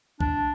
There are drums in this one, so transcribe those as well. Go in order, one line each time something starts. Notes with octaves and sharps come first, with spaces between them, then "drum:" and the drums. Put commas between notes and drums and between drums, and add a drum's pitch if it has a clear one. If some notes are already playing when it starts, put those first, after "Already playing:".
D4, drum: kick B1